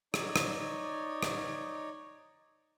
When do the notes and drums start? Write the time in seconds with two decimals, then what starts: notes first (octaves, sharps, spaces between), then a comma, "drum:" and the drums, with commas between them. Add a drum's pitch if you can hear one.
0.14 D#4 C#5 D5, drum: rim click
0.36 drum: rim click
1.23 drum: rim click